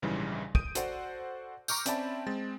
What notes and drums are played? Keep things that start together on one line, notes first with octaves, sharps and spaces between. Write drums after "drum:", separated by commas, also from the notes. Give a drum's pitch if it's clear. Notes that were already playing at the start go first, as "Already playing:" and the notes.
A#1 G#2 C#3 E3 G3
D#6 G6 D7 D#7, drum: kick
F#4 A4 C5 D5 F#5, drum: hi-hat
A#5 C#6 D6 F6 G6, drum: tambourine
C4 C#4 D5 E5 A5 B5, drum: hi-hat
G#3 C4 A6